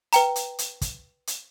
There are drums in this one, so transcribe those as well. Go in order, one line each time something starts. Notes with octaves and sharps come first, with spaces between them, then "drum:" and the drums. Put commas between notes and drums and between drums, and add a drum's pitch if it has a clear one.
B4 G5 A#5, drum: hi-hat
drum: hi-hat
drum: hi-hat
drum: kick, hi-hat
drum: hi-hat